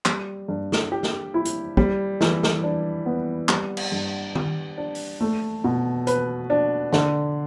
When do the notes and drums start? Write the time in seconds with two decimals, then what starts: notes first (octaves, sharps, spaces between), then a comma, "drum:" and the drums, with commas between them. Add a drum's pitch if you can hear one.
0.05 G3, drum: clap
0.48 G2
0.72 drum: snare
0.92 G4
1.03 drum: snare
1.34 E4
1.45 drum: hi-hat
1.77 G3, drum: kick
2.21 E3, drum: snare
2.43 drum: snare
2.64 D4
3.06 B3
3.49 G3, drum: clap
3.77 drum: cymbal
3.92 G2
4.35 G4, drum: tom
4.77 D4
4.95 drum: open hi-hat
5.21 A3
5.64 B2
6.07 B4, drum: hi-hat
6.50 D4
6.93 D3, drum: snare